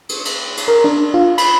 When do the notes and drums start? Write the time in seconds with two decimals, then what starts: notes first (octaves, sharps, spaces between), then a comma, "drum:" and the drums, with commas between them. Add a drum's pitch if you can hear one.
0.09 drum: cymbal
0.25 drum: cymbal
0.57 drum: cymbal
0.68 A#4
0.84 D4
1.14 F4
1.38 B5, drum: cymbal